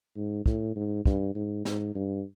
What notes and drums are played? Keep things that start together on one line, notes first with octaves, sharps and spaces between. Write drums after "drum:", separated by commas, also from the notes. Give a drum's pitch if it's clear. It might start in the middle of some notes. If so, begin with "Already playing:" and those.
G#2
A2, drum: kick
G#2
G2, drum: kick
G#2
G#2, drum: snare
G2